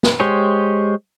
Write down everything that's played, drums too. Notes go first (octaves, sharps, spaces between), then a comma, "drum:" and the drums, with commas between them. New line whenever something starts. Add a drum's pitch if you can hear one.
drum: snare
G#3 G4 C5 C#5 G#5